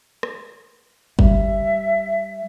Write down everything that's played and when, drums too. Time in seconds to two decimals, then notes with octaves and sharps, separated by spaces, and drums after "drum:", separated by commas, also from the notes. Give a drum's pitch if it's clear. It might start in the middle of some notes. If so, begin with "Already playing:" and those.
0.23 drum: rim click
1.19 G3 E5, drum: kick F#1